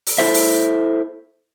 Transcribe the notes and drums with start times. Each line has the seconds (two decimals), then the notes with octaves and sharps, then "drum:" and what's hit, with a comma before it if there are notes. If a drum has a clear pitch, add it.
0.07 drum: open hi-hat
0.18 E4 A4 C5 E5
0.34 drum: open hi-hat